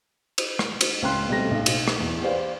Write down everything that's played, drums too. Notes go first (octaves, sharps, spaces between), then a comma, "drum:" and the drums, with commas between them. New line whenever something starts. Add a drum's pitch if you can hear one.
drum: cymbal
drum: rim click
drum: cymbal
C#2 C#4 G5 C6 F#6
B2 G3 A3 C4 A#6
B1
drum: cymbal
drum: rim click
E2
G4 B4 C5 D5 F5